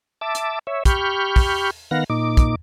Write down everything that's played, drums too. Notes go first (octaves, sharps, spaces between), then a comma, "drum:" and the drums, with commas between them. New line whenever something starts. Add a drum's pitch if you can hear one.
E5 A5 D6
drum: hi-hat
C#5 E5
G4 B5 C#6 F6 G6, drum: kick, hi-hat
drum: kick, open hi-hat
D#3 B3 F5 F#5 A#6
A#2 D#4 D6
drum: kick, hi-hat